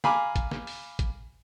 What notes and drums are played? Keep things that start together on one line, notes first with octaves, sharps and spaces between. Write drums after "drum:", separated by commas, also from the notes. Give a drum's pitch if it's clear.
F5 G#5 A#5 B5 D6, drum: snare A#3
drum: kick, hi-hat
drum: snare A#3
drum: open hi-hat
drum: kick, hi-hat